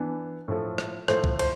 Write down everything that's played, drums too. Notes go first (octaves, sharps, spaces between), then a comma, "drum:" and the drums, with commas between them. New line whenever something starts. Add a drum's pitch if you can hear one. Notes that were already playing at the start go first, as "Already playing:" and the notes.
Already playing: E3 B3 D4
A2 F3 A3
drum: rim click
A2 F3 A3 C5, drum: rim click
drum: kick
C5, drum: cymbal